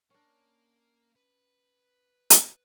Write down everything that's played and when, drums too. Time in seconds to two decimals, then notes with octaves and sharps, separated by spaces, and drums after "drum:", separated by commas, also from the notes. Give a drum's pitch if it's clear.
0.10 A#3 C#4 D4
1.16 B4
2.30 drum: hi-hat